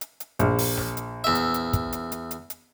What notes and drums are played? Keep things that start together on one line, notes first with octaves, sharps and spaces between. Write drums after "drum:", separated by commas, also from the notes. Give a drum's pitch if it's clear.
drum: hi-hat
drum: hi-hat
A#1, drum: hi-hat
drum: open hi-hat
drum: snare
drum: hi-hat
E2 E5
drum: hi-hat
drum: hi-hat
drum: kick, hi-hat
drum: hi-hat
drum: hi-hat
drum: hi-hat
drum: hi-hat